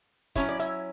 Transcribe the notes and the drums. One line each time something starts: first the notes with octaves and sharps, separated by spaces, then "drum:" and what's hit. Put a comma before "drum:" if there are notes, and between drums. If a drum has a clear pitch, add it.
F#3 C#4 E4 C#5, drum: kick, hi-hat
D5
E5, drum: hi-hat